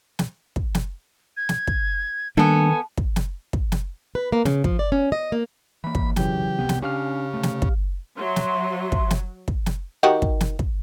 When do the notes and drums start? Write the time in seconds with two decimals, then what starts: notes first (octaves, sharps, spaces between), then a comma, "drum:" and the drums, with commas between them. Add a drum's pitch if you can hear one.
0.19 drum: snare
0.56 drum: kick
0.75 drum: snare
1.36 G#6
1.49 drum: snare
1.67 drum: kick
2.37 D#3 G3 A#3 B3 D4 A4 G#5
2.97 drum: kick
3.16 drum: snare
3.53 drum: kick
3.72 drum: snare
4.15 B4
4.33 A#3
4.45 C#3, drum: snare
4.64 F3, drum: kick
4.79 D5
4.92 C#4
5.12 D#5
5.32 A#3
5.84 E3 A#3 B5
5.95 drum: kick
6.16 F1 B1 C#3 E3 F#3 G4, drum: snare
6.59 E1 C2 C3 B3
6.69 drum: snare
6.82 C#3 C#4 D4 G4 F5 F6
7.34 C3 A3
7.43 drum: snare
7.62 drum: kick
8.18 F#3 E5 C6
8.36 drum: snare
8.92 drum: kick
9.11 drum: snare
9.48 drum: kick
9.66 drum: snare
10.03 D#3 F#4 G4
10.22 drum: kick
10.41 drum: snare
10.59 drum: kick